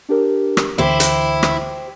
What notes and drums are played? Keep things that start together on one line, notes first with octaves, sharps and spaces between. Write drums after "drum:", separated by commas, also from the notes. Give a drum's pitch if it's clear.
D4 G4 A#4
drum: rim click
D2 D3 E3 E4 G4 C5
drum: hi-hat
drum: rim click